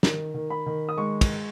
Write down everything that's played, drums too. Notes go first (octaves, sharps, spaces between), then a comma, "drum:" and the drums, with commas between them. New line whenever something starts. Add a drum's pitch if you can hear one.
D#3, drum: snare
D#3
B5
D#3
D#6
G#3 C#6
drum: kick, cymbal